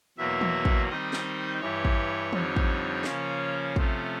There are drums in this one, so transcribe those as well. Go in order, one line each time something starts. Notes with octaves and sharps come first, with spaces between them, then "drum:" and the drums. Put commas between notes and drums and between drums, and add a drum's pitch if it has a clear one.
E2 B2 F#3 A#3 E5
drum: tom
drum: kick
D#3 G3 C4 D#4 D#5
drum: snare
G2 E3 G3 C#5
drum: kick
F2 D3 G3 C4 D#4, drum: tom
drum: kick
C#3 F3 A#3 C#4, drum: snare
C3 F3 A3 C#4, drum: kick